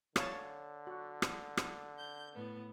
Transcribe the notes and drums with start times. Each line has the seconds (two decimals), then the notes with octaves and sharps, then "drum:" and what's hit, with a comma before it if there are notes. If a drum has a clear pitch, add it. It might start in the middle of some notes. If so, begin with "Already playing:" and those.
0.16 D3 C#5 F5 A5, drum: rim click
0.87 F#4
1.22 drum: rim click
1.57 drum: rim click
1.98 G6
2.36 A2 B3